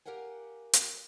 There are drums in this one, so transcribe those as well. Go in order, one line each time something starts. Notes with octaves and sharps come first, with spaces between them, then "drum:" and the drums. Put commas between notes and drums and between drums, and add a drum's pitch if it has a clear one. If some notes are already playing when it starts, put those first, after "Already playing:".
G4 A#4 F5 F#5 G#5
drum: hi-hat